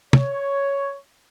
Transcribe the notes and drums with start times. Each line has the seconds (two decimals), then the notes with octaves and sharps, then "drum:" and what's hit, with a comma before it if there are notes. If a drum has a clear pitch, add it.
0.13 C#5, drum: tom